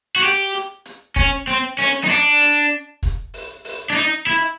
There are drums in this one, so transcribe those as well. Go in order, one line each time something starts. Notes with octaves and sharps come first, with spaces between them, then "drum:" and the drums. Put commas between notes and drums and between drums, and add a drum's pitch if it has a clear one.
F#4
G4, drum: hi-hat
drum: hi-hat
drum: hi-hat
C#4, drum: kick, hi-hat
C4
C#4, drum: open hi-hat
D#4
D4, drum: hi-hat
drum: hi-hat
drum: kick, hi-hat
drum: open hi-hat
drum: open hi-hat
D4
D#4, drum: hi-hat
E4, drum: hi-hat